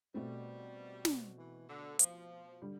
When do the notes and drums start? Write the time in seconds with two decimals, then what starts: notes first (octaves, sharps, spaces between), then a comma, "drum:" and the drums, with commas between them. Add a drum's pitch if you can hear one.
0.14 B2 G3 A3 C4
1.05 drum: snare
1.38 E3
1.69 D3
1.99 F3, drum: hi-hat
2.62 D3 G3